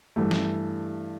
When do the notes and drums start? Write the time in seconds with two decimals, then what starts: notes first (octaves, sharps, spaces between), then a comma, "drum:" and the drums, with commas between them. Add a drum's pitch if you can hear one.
0.16 G2 E3 A3
0.31 drum: snare